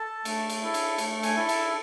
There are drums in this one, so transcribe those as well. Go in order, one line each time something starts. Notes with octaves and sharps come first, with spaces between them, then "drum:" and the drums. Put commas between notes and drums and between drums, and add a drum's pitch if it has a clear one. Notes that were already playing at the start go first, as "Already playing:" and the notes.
Already playing: A4 A5
A3, drum: cymbal
drum: cymbal
E4 A4
drum: cymbal
A3, drum: cymbal
G#5, drum: cymbal
E4 A4
A5, drum: cymbal